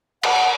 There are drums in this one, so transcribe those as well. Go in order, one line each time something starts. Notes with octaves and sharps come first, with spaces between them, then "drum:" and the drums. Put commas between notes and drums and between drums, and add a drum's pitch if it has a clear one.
F#5, drum: cymbal